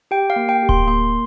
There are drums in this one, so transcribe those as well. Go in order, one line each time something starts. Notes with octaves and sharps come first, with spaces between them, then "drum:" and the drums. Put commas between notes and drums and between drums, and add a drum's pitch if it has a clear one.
G4 G5
F5
A#3
G5
G4
C6, drum: kick D1
A#3 C6